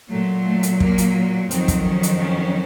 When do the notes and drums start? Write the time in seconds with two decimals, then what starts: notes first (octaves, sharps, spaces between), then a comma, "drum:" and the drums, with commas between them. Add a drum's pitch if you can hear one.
0.10 A#2 F#3 A3
0.45 A3
0.63 drum: hi-hat
0.80 A#3, drum: kick
0.98 drum: hi-hat
1.51 F2 D#3 F#3 C4, drum: hi-hat
1.68 drum: kick, hi-hat
1.86 C#4
2.03 drum: hi-hat
2.20 C#4